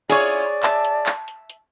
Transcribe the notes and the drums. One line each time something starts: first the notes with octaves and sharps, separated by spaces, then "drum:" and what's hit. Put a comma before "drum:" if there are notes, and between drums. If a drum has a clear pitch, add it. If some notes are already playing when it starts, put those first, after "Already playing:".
C#4 E4 F4 G#4 C#5 D5
E5 A5, drum: clap
drum: hi-hat
drum: clap
drum: hi-hat
drum: hi-hat